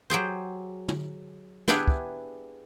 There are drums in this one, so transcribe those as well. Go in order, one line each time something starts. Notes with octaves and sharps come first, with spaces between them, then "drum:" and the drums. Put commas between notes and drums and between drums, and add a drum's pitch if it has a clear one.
F#3 G4 G#4 C5
drum: tom
B3 D4 E4 G4 G#4 F#5, drum: snare
drum: kick